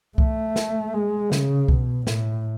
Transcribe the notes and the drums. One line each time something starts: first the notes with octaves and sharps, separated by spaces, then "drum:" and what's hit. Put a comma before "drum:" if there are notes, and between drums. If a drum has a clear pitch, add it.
A3, drum: kick C2
drum: snare
G#3
C#3, drum: snare
B2, drum: kick C2
A2, drum: snare